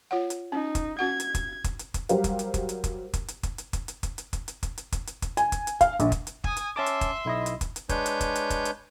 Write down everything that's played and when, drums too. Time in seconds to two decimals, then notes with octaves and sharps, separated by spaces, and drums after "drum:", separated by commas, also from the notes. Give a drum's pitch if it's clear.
0.11 F4 C#5 F#5
0.30 drum: hi-hat
0.52 C#4 D#4
0.75 drum: kick, hi-hat
0.99 C#4 F#4 F#5 G#6
1.20 drum: hi-hat
1.35 drum: kick, hi-hat
1.64 drum: kick, hi-hat
1.79 drum: hi-hat
1.94 drum: kick, hi-hat
2.09 F#3 G3 G4 A#4 C5 F5, drum: hi-hat
2.24 drum: kick, hi-hat
2.39 drum: hi-hat
2.54 drum: kick, hi-hat
2.69 drum: hi-hat
2.84 drum: kick, hi-hat
3.14 drum: kick, hi-hat
3.28 drum: hi-hat
3.43 drum: kick, hi-hat
3.58 drum: hi-hat
3.73 drum: kick, hi-hat
3.88 drum: hi-hat
4.03 drum: kick, hi-hat
4.18 drum: hi-hat
4.33 drum: kick, hi-hat
4.48 drum: hi-hat
4.63 drum: kick, hi-hat
4.78 drum: hi-hat
4.92 drum: kick, hi-hat
5.07 drum: hi-hat
5.22 drum: kick, hi-hat
5.37 G#5, drum: hi-hat
5.52 drum: kick, hi-hat
5.67 drum: hi-hat
5.81 F5, drum: kick, hi-hat
6.00 A#1, drum: hi-hat
6.12 drum: kick, hi-hat
6.27 drum: hi-hat
6.44 G#5 D#6, drum: kick
6.57 drum: hi-hat
6.76 C#4 E5 A5 C6 D6
6.86 drum: hi-hat
7.01 drum: kick, hi-hat
7.25 B1 E4 D#5
7.46 drum: hi-hat
7.61 drum: kick, hi-hat
7.76 drum: hi-hat
7.89 G#3 D4 B4 C#5 G6, drum: kick, hi-hat
8.06 drum: hi-hat
8.21 drum: kick, hi-hat
8.35 drum: hi-hat
8.50 drum: kick, hi-hat
8.65 drum: hi-hat